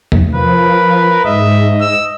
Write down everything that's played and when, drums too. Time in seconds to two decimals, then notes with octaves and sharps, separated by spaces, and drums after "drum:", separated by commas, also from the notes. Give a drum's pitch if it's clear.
0.12 drum: tom
0.33 F3 A#4 B4
1.25 G#2 D#5 E5
1.81 E6